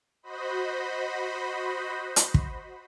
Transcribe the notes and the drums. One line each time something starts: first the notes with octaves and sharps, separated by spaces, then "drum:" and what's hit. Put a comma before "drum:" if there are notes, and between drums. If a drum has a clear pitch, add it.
F#4 C5 D#5 B5
drum: hi-hat
drum: kick